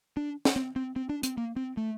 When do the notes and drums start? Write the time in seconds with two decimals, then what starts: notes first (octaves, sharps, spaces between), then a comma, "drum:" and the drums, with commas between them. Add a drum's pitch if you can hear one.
0.17 D4
0.45 drum: snare
0.56 C4
0.76 C4
0.96 C4
1.09 D4
1.23 C4, drum: hi-hat
1.37 A#3
1.56 C4
1.77 A3